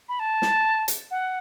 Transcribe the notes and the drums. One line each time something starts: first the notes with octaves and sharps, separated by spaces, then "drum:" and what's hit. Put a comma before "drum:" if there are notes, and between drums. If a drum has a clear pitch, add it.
B5
A5
drum: snare
drum: hi-hat
F#5